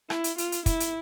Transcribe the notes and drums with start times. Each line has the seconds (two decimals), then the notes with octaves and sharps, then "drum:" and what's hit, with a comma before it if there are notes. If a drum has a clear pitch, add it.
0.10 E4, drum: rim click
0.24 drum: hi-hat
0.38 F4, drum: hi-hat
0.52 drum: hi-hat
0.66 E4, drum: kick, hi-hat
0.80 drum: hi-hat